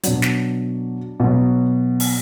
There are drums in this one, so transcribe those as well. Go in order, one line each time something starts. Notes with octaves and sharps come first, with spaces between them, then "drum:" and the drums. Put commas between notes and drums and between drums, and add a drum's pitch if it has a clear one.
B2 F#3 D4, drum: hi-hat
drum: snare
B2 F#3
drum: open hi-hat